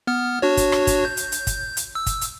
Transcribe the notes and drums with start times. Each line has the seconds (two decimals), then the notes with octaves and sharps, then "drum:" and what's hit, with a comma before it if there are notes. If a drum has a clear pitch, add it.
0.07 B3 F6
0.42 D4 F#4 C#5
0.57 drum: kick, hi-hat
0.72 drum: rim click
0.87 drum: kick, hi-hat
1.05 G6
1.17 drum: hi-hat
1.32 drum: hi-hat
1.47 drum: kick, hi-hat
1.77 drum: hi-hat
1.95 E6
2.06 drum: kick, hi-hat
2.21 drum: hi-hat